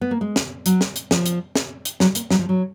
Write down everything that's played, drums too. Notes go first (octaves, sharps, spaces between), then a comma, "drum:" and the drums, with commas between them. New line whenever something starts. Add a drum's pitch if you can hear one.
B3
A#3
G#3
drum: snare
F#3, drum: hi-hat
drum: snare
drum: hi-hat
F3, drum: snare
drum: hi-hat
drum: snare
drum: hi-hat
F#3, drum: snare
A#3, drum: hi-hat
F#3, drum: snare
F3
F#3